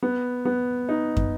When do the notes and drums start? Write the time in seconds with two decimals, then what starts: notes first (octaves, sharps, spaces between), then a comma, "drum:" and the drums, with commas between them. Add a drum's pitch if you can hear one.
0.03 B3
0.45 B3
0.89 D#4
1.17 drum: kick